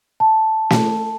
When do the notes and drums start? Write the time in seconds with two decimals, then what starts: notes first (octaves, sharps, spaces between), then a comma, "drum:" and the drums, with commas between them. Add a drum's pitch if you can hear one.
0.20 A5
0.70 drum: snare